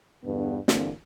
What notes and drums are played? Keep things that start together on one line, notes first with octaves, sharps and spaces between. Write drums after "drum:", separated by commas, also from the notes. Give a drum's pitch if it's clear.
E2 G2 D3 B3
G2 D3 E3 A#3 C4, drum: snare